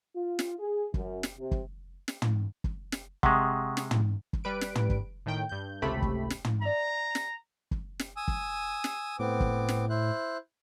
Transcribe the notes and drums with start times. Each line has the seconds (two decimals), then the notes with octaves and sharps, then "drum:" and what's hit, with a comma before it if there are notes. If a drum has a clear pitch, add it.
0.14 F4
0.39 drum: snare
0.57 G#4
0.94 F#2, drum: kick
1.23 drum: snare
1.37 C3
1.51 drum: kick
2.08 drum: snare
2.22 drum: tom
2.64 drum: kick
2.92 drum: snare
3.23 C3 G#3 F#5 C#6 D#6, drum: kick
3.77 drum: snare
3.91 drum: tom
4.33 drum: kick
4.44 G3 B4 D7
4.61 drum: snare
4.75 drum: tom
4.90 drum: kick
5.26 A2 D#3 G5 G6
5.49 G2 G6
5.82 G#1 C#2 C3 A3 G4 B5
6.02 drum: kick
6.30 drum: snare
6.44 drum: tom
6.62 D5 E5 A#5
7.15 drum: snare
7.71 drum: kick
7.99 drum: snare
8.17 G#5 D#6 E6
8.28 drum: kick
8.84 drum: snare
9.19 A2 B3 C4 D6
9.40 drum: kick
9.69 drum: snare
9.90 E4 C5 F#6